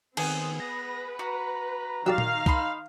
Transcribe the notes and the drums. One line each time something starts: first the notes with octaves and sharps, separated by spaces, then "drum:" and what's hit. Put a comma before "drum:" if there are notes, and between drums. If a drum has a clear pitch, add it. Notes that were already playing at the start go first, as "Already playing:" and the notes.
D#3 B3 C4 G#4, drum: cymbal
B4 A#6
F#4 A#5
D#3 F#3 G4 D5 F5 E6
drum: tom A#2
D#4 B5 C6, drum: kick C2